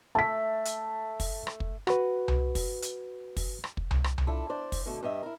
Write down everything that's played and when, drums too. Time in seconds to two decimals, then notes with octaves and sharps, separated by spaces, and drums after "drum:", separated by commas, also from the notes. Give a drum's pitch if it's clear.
0.15 A3 A5 B6
0.65 drum: hi-hat
1.20 drum: kick, open hi-hat
1.47 drum: rim click
1.60 drum: kick
1.87 F#4 B4, drum: rim click
2.28 drum: tom C2
2.55 drum: kick, open hi-hat
2.82 drum: hi-hat
3.37 drum: kick, open hi-hat
3.64 drum: rim click
3.77 drum: kick
3.91 drum: tom C2
4.04 drum: rim click
4.18 drum: tom C2
4.27 D4 E4 F4 A4
4.49 D4 C5 D5
4.72 drum: kick, open hi-hat
4.86 B2 D3 A3
5.03 G2 G4 D#5 E5
5.23 E4 A#4